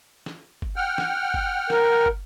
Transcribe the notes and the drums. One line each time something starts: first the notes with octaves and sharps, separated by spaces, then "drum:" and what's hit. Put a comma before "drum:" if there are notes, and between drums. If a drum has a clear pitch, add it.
drum: snare
drum: kick
F#5 G5 F6
drum: snare
drum: kick
A#4, drum: snare
drum: kick